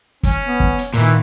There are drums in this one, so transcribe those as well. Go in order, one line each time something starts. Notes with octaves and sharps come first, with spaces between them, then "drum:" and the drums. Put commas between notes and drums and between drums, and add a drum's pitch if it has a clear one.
C#4, drum: kick, hi-hat
B3
drum: kick
drum: hi-hat
A#2 D#3 E3, drum: hi-hat